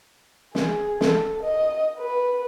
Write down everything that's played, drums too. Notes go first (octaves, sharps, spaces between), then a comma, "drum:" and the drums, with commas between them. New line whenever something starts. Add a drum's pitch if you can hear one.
G#4, drum: snare
A4, drum: snare
D#5
B4